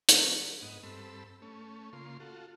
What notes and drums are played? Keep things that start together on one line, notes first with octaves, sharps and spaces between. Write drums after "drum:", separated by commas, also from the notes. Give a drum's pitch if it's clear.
D3 F#3, drum: hi-hat
G#2 B3 D#5 F#5
G2 C4 A4 B5 E6
A3 C#4
C#3 A#3 F4 C6
F4 F#4 A4